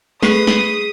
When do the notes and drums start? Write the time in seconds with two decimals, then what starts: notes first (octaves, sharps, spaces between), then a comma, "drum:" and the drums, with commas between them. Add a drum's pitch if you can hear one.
0.23 A3 G#4 B4 D#6 B6 C7, drum: snare
0.47 drum: snare